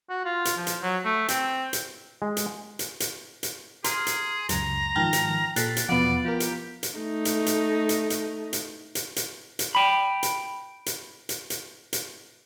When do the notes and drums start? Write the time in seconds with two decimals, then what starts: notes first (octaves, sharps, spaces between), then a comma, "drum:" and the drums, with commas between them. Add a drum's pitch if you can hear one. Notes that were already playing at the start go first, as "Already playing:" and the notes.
0.09 F#4
0.25 F4
0.45 drum: hi-hat
0.57 F3
0.67 drum: hi-hat
0.82 F#3
1.05 A3
1.28 C4, drum: hi-hat
1.73 drum: hi-hat
2.22 G#3
2.37 drum: hi-hat
2.79 drum: hi-hat
3.00 drum: hi-hat
3.43 drum: hi-hat
3.84 G#4 A#5 C6 F6, drum: hi-hat
4.07 drum: hi-hat
4.49 C#2 F#2 A#5, drum: hi-hat
4.96 G#2 D#3 F3 G5 A5 F6
5.13 drum: hi-hat
5.56 A#2 A4 F#6 A6 B6 C7, drum: hi-hat
5.77 drum: hi-hat
5.89 E2 B2 F3 B3 D5 F#5
6.25 F4 G4 A#4
6.40 drum: hi-hat
6.83 drum: hi-hat
6.96 A3 D#4
7.25 drum: hi-hat
7.46 drum: hi-hat
7.89 drum: hi-hat
8.10 drum: hi-hat
8.53 drum: hi-hat
8.95 drum: hi-hat
9.16 drum: hi-hat
9.59 drum: hi-hat
9.75 G5 B5
10.23 drum: hi-hat
10.86 drum: hi-hat
11.29 drum: hi-hat
11.50 drum: hi-hat
11.93 drum: hi-hat